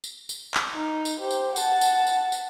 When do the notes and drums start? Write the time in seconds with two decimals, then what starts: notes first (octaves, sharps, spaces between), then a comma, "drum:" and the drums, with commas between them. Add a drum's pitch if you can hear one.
0.04 drum: tambourine
0.29 drum: tambourine
0.54 drum: clap
0.73 D#4
1.05 drum: tambourine
1.20 G4 C5
1.31 drum: tambourine
1.56 F#5 A5, drum: tambourine
1.81 drum: tambourine
2.07 drum: tambourine
2.32 drum: tambourine